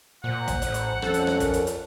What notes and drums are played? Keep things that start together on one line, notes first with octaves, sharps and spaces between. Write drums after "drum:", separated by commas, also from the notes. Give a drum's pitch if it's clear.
A#2 C5 F#5
drum: kick, hi-hat
A1, drum: hi-hat
drum: hi-hat
F2 C#4 A4, drum: rim click
drum: hi-hat
drum: rim click
A#4, drum: kick, hi-hat
drum: hi-hat
drum: hi-hat